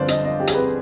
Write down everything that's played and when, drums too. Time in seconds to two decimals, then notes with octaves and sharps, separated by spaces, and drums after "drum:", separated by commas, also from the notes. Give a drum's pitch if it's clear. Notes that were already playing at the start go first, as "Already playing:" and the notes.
Already playing: G1 F2 D3 C5 D5 F5
0.08 D#5, drum: hi-hat
0.24 D#5
0.40 G4
0.47 G#4, drum: hi-hat
0.54 B4